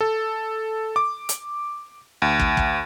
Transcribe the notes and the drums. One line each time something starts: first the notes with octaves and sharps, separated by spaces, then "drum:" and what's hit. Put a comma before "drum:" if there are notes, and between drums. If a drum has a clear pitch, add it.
A4
D6
drum: hi-hat
D2
drum: kick
drum: kick